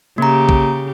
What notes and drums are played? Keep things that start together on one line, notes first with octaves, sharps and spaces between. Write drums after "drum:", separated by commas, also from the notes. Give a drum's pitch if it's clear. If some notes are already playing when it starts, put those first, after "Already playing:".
C#3 A#3 G4 A#5
drum: kick